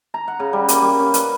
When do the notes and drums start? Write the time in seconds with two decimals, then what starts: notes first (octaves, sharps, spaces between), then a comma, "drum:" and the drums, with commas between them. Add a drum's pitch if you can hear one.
0.14 A#5
0.28 F#5
0.40 C#3
0.53 G3
0.68 A#3, drum: hi-hat
0.82 G3
0.99 C#4
1.14 B4, drum: hi-hat